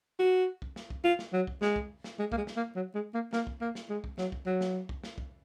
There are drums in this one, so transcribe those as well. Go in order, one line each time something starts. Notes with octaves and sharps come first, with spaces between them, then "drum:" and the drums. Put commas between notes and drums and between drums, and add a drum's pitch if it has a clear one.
F#4
drum: kick
drum: snare
drum: kick
F4
drum: snare
F#3
drum: kick
G#3, drum: snare
drum: kick
drum: snare
G#3
A#3, drum: kick
G#3
drum: snare
A#3
F#3
G#3
A#3
A#3, drum: snare
drum: kick
A#3
drum: snare
G#3
drum: kick
F#3, drum: snare
drum: kick
F#3
drum: snare
drum: kick
drum: snare
drum: kick